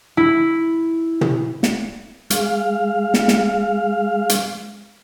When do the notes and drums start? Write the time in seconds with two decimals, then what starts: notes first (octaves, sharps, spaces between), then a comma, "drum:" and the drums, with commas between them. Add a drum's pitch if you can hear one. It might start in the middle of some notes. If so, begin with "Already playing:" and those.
0.17 E4
1.21 drum: tom
1.63 drum: snare
2.30 G#3 F5, drum: hi-hat
3.14 drum: snare
3.28 drum: snare
4.29 drum: hi-hat